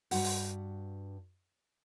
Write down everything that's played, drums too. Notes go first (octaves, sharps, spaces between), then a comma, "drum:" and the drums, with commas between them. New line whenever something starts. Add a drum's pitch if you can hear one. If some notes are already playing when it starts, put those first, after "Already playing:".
G2 F#4 F#5, drum: open hi-hat
drum: open hi-hat